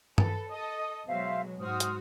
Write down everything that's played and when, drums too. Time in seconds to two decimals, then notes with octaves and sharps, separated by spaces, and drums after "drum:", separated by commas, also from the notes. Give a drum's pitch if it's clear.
0.18 A4 B4, drum: tom
0.50 A4 D#5 D#6
1.07 B2 F#3 G#3 C5 E5 F5
1.60 G#2 F#4 C5 D#6 F6
1.80 drum: hi-hat